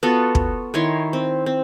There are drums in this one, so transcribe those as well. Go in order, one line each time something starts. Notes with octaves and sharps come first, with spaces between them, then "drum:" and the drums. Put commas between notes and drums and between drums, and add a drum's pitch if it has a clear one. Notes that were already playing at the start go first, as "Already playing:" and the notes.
B3 F4 F#4 A4
drum: kick
D#3 E4 C#5 C6
C4
C4